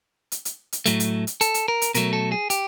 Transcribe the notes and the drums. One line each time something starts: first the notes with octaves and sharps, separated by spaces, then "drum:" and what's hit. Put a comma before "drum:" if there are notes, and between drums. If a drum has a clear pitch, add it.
drum: hi-hat
drum: hi-hat
drum: hi-hat
A2 F#3 A3, drum: hi-hat
drum: hi-hat
drum: hi-hat
A4, drum: hi-hat
drum: hi-hat
A#4
drum: hi-hat
B2 F#3 A3 A#4, drum: hi-hat
A4
G#4
G4, drum: hi-hat